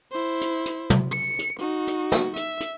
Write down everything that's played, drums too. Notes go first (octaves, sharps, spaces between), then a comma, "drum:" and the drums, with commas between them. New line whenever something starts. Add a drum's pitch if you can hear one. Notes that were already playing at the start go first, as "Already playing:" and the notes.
E4 C5
drum: hi-hat
drum: hi-hat
drum: tom
C#7
drum: hi-hat
D#4 F#4
drum: hi-hat
drum: snare
E5, drum: hi-hat
drum: hi-hat